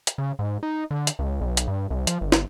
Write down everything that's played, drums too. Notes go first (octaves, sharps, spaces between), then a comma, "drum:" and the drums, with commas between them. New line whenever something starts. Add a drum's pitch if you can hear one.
drum: hi-hat
C#3
G#2
D#4
D3
drum: hi-hat
C#2
B1
drum: hi-hat
G2
C2
F3, drum: hi-hat
G1
drum: snare